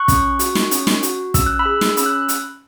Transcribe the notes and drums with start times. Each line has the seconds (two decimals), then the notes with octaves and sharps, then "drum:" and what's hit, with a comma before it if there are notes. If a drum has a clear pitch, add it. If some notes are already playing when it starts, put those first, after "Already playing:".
Already playing: C#6 F#6
0.08 C#4, drum: kick, hi-hat
0.39 F#4, drum: hi-hat
0.55 drum: snare
0.71 C#4, drum: hi-hat
0.87 drum: snare
1.03 F#4, drum: hi-hat
1.34 C#4 E6, drum: kick, hi-hat
1.46 F#6
1.59 B5 E6
1.65 G#4
1.81 drum: snare
1.97 C#4 B5 E6, drum: hi-hat
2.06 F#6
2.29 drum: hi-hat